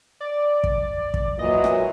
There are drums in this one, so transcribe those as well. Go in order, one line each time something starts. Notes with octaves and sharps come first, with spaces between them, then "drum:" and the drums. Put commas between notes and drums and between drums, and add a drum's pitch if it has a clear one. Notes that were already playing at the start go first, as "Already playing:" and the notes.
D5
drum: kick
drum: kick
A#2 E3 F#3 D#5
drum: rim click